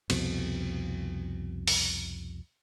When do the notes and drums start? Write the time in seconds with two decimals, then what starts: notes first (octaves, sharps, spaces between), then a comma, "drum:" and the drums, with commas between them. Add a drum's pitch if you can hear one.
0.10 C2 F2 B2, drum: cymbal
1.68 drum: open hi-hat